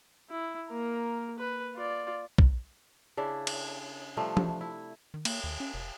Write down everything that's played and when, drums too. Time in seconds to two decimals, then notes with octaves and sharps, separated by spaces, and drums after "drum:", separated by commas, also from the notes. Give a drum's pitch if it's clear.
0.30 E4
0.70 A#3 A#4
1.39 B4
1.75 F4 D5
2.38 drum: kick
3.17 C#3 D4 E4
3.47 drum: cymbal
4.17 C3 F3 G3 A3
4.37 drum: tom F3
4.61 E4
5.14 D#3
5.25 A#3, drum: cymbal
5.44 D#2
5.60 C#4
5.74 F1